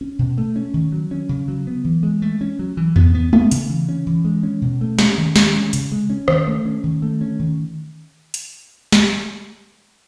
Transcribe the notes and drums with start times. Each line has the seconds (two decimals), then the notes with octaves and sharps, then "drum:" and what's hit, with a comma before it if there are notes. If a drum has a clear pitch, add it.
0.01 C#4
0.19 B2
0.38 A3
0.56 C#4
0.74 D#3
0.92 F#3
1.11 C#4
1.29 C#3
1.48 F#3
1.67 B3
1.84 E3
2.03 G#3
2.22 A3
2.41 C#4
2.59 F#3
2.77 E3
2.96 B3, drum: tom E2
3.14 B3
3.33 B3, drum: tom
3.51 C#3, drum: hi-hat
3.70 E3
3.89 C#4
4.07 E3
4.25 G#3
4.43 C#4
4.62 B2
4.81 A3
4.99 C#4, drum: snare
5.18 D#3
5.36 G#3, drum: snare
5.54 C#4
5.73 C#3, drum: hi-hat
5.92 G#3
6.10 C#4
6.28 D#3, drum: rim click
6.47 A3
6.65 C#4
6.84 D#3
7.02 A3
7.21 C#4
7.39 D#3
8.34 drum: hi-hat
8.92 drum: snare